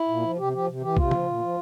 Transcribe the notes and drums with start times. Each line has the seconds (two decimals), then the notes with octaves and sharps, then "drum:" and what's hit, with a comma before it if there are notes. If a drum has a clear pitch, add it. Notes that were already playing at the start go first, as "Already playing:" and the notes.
Already playing: E4
0.09 A#2
0.23 F3
0.38 C3 G4
0.53 F3 G4
0.68 C3
0.81 E3 G4
0.97 C3 F4, drum: kick A#1
1.11 F3, drum: tom
1.26 A#2
1.42 F3